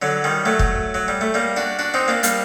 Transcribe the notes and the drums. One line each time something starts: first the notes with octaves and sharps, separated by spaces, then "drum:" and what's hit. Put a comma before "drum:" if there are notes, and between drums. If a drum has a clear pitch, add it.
D3 F#3
D#3 G3
F#3 A3
drum: kick
F#3
G3
A3
G3 A#3
D4 F#4
D4 F#4
C4 D#4
A#3 D4
G3 A#3, drum: hi-hat